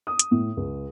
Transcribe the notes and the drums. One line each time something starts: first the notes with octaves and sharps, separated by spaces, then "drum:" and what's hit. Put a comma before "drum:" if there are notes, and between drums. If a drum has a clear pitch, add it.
D#6
drum: hi-hat
A2
C#2